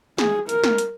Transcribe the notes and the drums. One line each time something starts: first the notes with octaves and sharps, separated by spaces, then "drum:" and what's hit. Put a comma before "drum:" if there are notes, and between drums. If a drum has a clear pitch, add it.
G#4, drum: snare
A#4, drum: hi-hat
drum: snare
drum: hi-hat